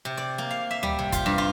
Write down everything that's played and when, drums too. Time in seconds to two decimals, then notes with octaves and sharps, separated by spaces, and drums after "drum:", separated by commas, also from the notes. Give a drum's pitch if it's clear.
0.05 C3
0.17 D5
0.38 A#3
0.50 F5
0.71 E5
0.83 G3, drum: tom C#2
0.99 C3
1.12 F4, drum: kick, hi-hat
1.26 G2
1.38 F4